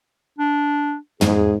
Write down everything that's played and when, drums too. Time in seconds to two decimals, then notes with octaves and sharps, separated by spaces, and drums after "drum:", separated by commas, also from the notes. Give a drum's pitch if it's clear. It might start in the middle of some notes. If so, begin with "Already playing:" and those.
0.38 D4
1.21 G#2 G#4, drum: tom